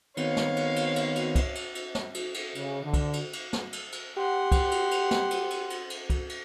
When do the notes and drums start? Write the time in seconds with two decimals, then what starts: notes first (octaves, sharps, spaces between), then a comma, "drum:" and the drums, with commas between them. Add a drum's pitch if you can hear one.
0.17 D#3 B3 C4 C#5 F5, drum: cymbal
0.37 drum: snare
0.56 drum: cymbal
0.76 drum: cymbal
0.96 drum: cymbal
1.16 drum: cymbal
1.35 drum: kick, cymbal
1.55 drum: cymbal
1.75 drum: cymbal
1.95 drum: snare
2.14 drum: cymbal
2.34 drum: cymbal
2.55 C#3, drum: cymbal
2.84 D3
2.94 drum: kick, cymbal
3.13 drum: cymbal
3.33 drum: cymbal
3.53 drum: snare
3.73 drum: cymbal
3.92 drum: cymbal
4.17 G4 F#5 C6
4.52 drum: kick, cymbal
4.71 drum: cymbal
4.91 drum: cymbal
5.11 drum: snare
5.31 drum: cymbal
5.50 drum: cymbal
5.70 drum: cymbal
5.90 drum: cymbal
6.10 drum: kick, cymbal
6.29 drum: cymbal